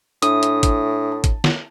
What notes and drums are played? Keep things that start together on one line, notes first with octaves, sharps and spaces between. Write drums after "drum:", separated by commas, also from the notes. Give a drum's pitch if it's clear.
A2 D4 E5 D#6, drum: hi-hat
drum: hi-hat
drum: kick, hi-hat
A5
drum: kick, hi-hat
drum: snare